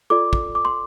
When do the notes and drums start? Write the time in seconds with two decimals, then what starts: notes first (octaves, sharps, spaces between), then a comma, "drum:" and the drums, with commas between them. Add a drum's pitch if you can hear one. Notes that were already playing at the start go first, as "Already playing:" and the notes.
0.10 F4 A4 D5 D6
0.33 drum: kick
0.55 D6
0.65 C6